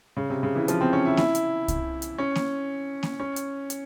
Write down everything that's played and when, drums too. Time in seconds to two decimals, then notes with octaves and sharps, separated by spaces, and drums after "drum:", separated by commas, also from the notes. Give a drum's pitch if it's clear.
0.17 C#3
0.30 C3
0.43 C#3
0.56 E3
0.68 F3, drum: hi-hat
0.81 C4
0.93 C#4
1.06 E4
1.17 E4, drum: snare A#3
1.35 drum: hi-hat
1.68 drum: kick C2, hi-hat
2.02 drum: hi-hat
2.18 C#4
2.35 drum: snare A#3
3.03 drum: snare A#3
3.20 C#4
3.36 drum: hi-hat
3.70 drum: hi-hat